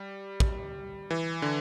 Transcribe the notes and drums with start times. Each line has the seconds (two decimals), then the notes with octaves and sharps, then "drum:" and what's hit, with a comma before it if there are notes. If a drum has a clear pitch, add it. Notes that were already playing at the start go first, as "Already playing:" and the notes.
Already playing: G3
0.40 drum: kick
1.11 E3
1.42 D3